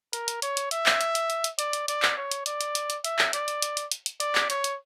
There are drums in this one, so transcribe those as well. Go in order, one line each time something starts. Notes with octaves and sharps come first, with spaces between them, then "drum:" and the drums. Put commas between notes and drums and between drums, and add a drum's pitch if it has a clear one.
A#4, drum: hi-hat
drum: hi-hat
C#5, drum: hi-hat
drum: hi-hat
E5, drum: hi-hat
drum: clap
drum: hi-hat
drum: hi-hat
drum: hi-hat
drum: hi-hat
D5, drum: hi-hat
drum: hi-hat
D5, drum: hi-hat
drum: clap
C#5
drum: hi-hat
D5, drum: hi-hat
drum: hi-hat
drum: hi-hat
drum: hi-hat
E5, drum: hi-hat
drum: clap
D5, drum: hi-hat
drum: hi-hat
drum: hi-hat
drum: hi-hat
drum: hi-hat
drum: hi-hat
D5, drum: hi-hat
drum: clap
C#5, drum: hi-hat
drum: hi-hat